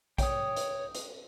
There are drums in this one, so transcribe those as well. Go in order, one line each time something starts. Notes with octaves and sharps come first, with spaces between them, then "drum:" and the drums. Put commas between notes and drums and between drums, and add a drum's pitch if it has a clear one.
C#5 G5 D#6, drum: kick A#1, hi-hat
drum: hi-hat
drum: hi-hat